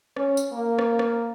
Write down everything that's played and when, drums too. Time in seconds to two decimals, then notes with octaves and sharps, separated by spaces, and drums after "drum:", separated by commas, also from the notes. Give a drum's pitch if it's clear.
0.17 C#4, drum: rim click
0.37 drum: tambourine
0.53 A#3
0.79 drum: rim click
0.99 drum: rim click